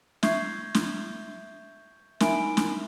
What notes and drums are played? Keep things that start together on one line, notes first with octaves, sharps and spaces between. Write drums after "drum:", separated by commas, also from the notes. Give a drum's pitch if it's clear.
E5 C#6 G6 G#6 C7, drum: snare
drum: snare
D#4 A#4 E5 G#5 B5 D7, drum: snare
drum: snare